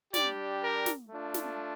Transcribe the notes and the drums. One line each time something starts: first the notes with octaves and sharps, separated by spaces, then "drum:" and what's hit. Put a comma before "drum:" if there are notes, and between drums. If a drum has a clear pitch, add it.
G3 D4 G4 D5, drum: snare
A#4
drum: snare
A3 D4 F4
drum: snare